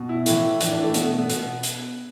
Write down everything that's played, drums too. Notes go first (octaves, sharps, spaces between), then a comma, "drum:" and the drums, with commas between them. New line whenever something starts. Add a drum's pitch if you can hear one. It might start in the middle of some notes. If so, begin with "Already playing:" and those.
Already playing: B2
E4
A2 E3, drum: hi-hat
A2 E3 D4, drum: hi-hat
D4
A3
B2 B3, drum: hi-hat
A3
B3
B2 B3, drum: hi-hat
drum: hi-hat